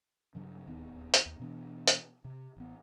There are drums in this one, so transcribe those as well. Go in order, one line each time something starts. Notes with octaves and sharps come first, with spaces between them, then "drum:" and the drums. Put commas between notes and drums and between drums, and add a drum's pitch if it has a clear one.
G2 C#3 F#3
D1 D#2 D#3 B3
drum: hi-hat
D#2
B2 E3 B3 D4
drum: hi-hat
C3
A1 B3